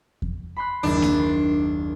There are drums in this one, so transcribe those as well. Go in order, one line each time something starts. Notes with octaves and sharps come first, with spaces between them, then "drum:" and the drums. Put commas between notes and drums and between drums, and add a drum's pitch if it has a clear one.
drum: kick E2
B5 C6 F#6
F#1 D#2 D4
drum: snare A#3
C6